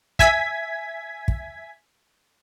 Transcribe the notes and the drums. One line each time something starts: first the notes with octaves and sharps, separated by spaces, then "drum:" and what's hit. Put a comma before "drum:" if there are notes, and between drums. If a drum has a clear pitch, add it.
E5 G#5 G#6 B6, drum: kick
drum: kick